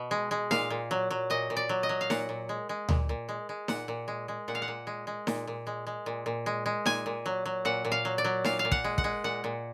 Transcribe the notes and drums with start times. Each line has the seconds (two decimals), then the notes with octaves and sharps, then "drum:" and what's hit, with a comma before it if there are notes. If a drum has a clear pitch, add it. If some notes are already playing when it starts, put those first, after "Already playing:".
Already playing: B2
0.11 G#3
0.31 G#3
0.51 A#2 F5, drum: snare D#4
0.70 A#2
0.91 F#3
1.11 F#3
1.30 A#2 D#5
1.50 A#2
1.57 D5
1.69 F#3
1.83 D#5
1.89 F#3
2.01 F5
2.10 A#2 F#5, drum: snare D#4
2.29 A#2
2.49 G#3
2.69 G#3
2.89 A#2, drum: tom D2
3.09 A#2
3.29 G#3
3.49 G#3
3.68 A#2 F#5, drum: snare D#4
3.88 A#2
4.08 G#3
4.28 G#3
4.48 A#2 F#5
4.55 F5
4.62 F#5
4.68 A#2
4.87 G#3
5.07 G#3
5.27 A#2, drum: snare D#4
5.47 A#2
5.67 G#3
5.87 G#3
6.06 A#2
6.26 A#2
6.46 G#3
6.66 G#3
6.86 A#2 G#5, drum: snare D#4
7.06 A#2
7.26 F#3
7.46 F#3
7.65 A#2 F#5
7.85 A#2
7.92 F5
8.05 F#3
8.18 D5
8.24 F#3
8.45 A#2 F5, drum: snare D#4
8.59 F5
8.65 A#2
8.72 F#5, drum: kick
8.84 G#3
8.98 F#5, drum: kick
9.04 G#3
9.24 A#2 F#5
9.44 A#2